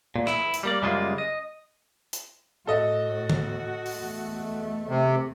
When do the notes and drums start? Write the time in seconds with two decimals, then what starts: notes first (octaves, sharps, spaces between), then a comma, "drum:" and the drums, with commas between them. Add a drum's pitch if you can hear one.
0.16 A#2
0.27 E4, drum: rim click
0.54 drum: hi-hat
0.63 G3 A#3 D5
0.82 F#2 C#3 G3 G#3 A#3 F4
1.18 D#5
2.13 drum: hi-hat
2.67 A2 F#4 A4 D#5
3.30 drum: tom D3
3.86 drum: open hi-hat
3.96 E2 A3
4.89 C3